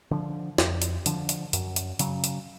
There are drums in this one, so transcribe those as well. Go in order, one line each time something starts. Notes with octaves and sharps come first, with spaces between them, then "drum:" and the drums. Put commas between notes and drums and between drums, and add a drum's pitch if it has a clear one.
D3 F3
F2, drum: snare
drum: hi-hat
D3 F3, drum: hi-hat
drum: hi-hat
F#2, drum: hi-hat
drum: hi-hat
C#3 F#3, drum: hi-hat
drum: hi-hat